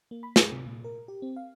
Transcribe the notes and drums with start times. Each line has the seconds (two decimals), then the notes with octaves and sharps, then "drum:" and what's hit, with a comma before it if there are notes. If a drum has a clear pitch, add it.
0.11 A#3
0.23 B5
0.36 G#4, drum: snare
0.52 C3
0.66 A#2
0.84 A#4
1.08 G4
1.22 C4
1.36 F5